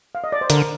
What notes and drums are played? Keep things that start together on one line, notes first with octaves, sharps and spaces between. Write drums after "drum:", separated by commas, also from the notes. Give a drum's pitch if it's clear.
F5
D#5
D5
C5
D3 A#4, drum: hi-hat